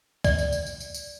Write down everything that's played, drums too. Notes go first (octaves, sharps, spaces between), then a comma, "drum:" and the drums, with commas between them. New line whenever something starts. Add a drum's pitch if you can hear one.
D5, drum: kick C#2, tambourine
drum: tambourine
drum: tambourine
drum: tambourine
drum: tambourine
drum: tambourine